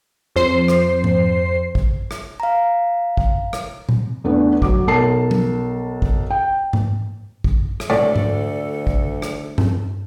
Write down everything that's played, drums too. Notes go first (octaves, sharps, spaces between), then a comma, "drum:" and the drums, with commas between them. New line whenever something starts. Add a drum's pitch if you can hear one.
F2 C5 C7
drum: rim click
drum: tom G#2
drum: kick A1
drum: rim click
F5 A#5
drum: kick A1
drum: rim click
drum: tom A#2
E2 A3 B3 D4
F#3 D6, drum: kick A1
B1 A#4 A5 C7
drum: tom F#3
drum: kick A1
G5
drum: tom G#2
drum: kick A1
drum: rim click
D2 A2 A4 D5
drum: tom G#2
drum: kick A1
drum: rim click
drum: tom G2